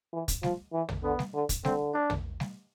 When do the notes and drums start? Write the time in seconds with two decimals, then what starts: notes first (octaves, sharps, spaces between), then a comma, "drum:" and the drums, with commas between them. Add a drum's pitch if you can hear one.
0.13 E3
0.28 drum: kick, hi-hat
0.43 F3, drum: snare G3
0.73 E3
0.89 drum: tom
1.03 D3 B3
1.19 drum: snare G3
1.34 D3
1.49 drum: kick, hi-hat
1.65 D3 C4, drum: snare G3
1.94 D4
2.10 drum: tom
2.40 drum: snare G3